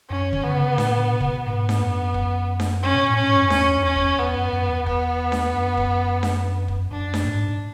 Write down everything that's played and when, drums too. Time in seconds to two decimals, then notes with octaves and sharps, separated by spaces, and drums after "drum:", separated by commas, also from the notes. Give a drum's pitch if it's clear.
0.10 F#2 C#4
0.33 D3, drum: kick
0.44 B3
0.49 D3
0.55 C#3
0.78 A2, drum: snare D4
1.12 B2
1.20 C#3, drum: kick
1.29 B2
1.46 G#2 B3
1.69 drum: snare D4
1.81 F#2
2.14 drum: kick
2.60 drum: snare D4
2.83 C#4
2.95 B2
3.08 A2
3.16 C#4
3.22 G#2
3.36 F#2
3.50 E2 C#4, drum: snare D4
3.77 F#2
3.85 E2 C#4
3.96 drum: kick
4.18 E2 B3
4.36 F#2
4.53 F#2
4.69 E2
4.86 B3, drum: kick
5.32 drum: snare D4
5.55 F#2
5.77 drum: kick
6.23 drum: snare D4
6.68 drum: kick
6.91 F#2 D4
7.14 drum: snare D4
7.25 G#2
7.48 G#2